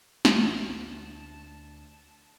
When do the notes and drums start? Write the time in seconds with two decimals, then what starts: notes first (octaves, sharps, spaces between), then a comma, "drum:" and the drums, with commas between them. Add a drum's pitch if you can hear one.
0.25 A1 A5, drum: snare
0.68 D2